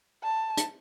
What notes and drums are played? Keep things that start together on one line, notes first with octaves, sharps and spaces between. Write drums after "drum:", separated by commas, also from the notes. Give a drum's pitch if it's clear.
A5
drum: hi-hat